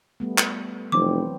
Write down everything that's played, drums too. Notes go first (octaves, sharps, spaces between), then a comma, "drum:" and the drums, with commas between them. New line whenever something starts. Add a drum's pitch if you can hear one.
G3 A3 B3
drum: clap
F1 E3 F#3 C4 D6